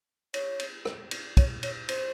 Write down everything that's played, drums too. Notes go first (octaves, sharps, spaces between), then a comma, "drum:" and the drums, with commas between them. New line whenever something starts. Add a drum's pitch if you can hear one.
C#5, drum: cymbal
drum: cymbal
drum: rim click
drum: cymbal
C#5, drum: kick, cymbal
C#5, drum: cymbal
C5, drum: cymbal